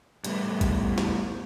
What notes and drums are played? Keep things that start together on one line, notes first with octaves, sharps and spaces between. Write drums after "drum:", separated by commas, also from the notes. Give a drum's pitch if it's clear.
A2 G3 A3 B3, drum: hi-hat
drum: kick A1, hi-hat
drum: snare